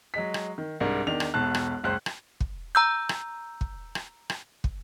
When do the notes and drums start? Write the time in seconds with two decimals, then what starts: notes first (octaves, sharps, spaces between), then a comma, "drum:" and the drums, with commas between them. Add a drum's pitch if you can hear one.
0.14 F#3 G#3 B6
0.34 drum: rim click
0.58 D#3
0.80 C2 G#2 D4 A#4
1.07 E2 D#3 D4 F7
1.20 drum: rim click
1.34 E1 B1 B2 A5 F#6
1.55 drum: rim click
1.84 F#1 C#2 C5 F#6
2.06 drum: rim click
2.40 drum: kick
2.75 A#5 E6 G6
3.09 drum: rim click
3.61 drum: kick
3.95 drum: rim click
4.30 drum: rim click
4.64 drum: kick